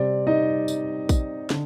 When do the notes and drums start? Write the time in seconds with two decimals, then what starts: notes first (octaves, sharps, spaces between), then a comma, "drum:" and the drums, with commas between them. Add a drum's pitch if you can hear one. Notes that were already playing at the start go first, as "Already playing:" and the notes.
Already playing: C3 G3 C4 D5
0.27 D#4 D#5
0.68 drum: tambourine
1.09 drum: kick, tambourine
1.50 D3, drum: snare